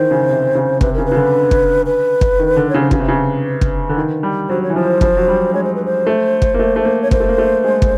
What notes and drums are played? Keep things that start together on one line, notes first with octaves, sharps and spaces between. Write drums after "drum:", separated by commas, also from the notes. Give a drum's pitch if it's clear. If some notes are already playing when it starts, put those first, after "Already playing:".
Already playing: D#3 E3 C5
C#3
C3
C#3
C3 B4, drum: kick
C#3 A#4
B4
C#3
D3
drum: kick
B4
drum: kick
D#3
D3
C#3 C#5
C5
C#3 B4, drum: kick
C3
C#3
drum: kick
D3
D#3
G3
F#3 C5
C#5
E3
F3 C5
F3, drum: kick
F#3
G3
G#3 C#5
C5
B4
C5
A3
drum: kick
A#3
A3
A3
A#3
C#5
A#3 C5, drum: kick
A3
A#3
A3
G#3
drum: kick